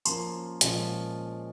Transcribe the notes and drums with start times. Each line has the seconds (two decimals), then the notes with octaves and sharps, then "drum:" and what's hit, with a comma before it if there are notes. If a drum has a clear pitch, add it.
0.05 F3 A#3 C#4 F4 C6, drum: tambourine
0.61 A#2 F3 G#3 C#4 F4, drum: hi-hat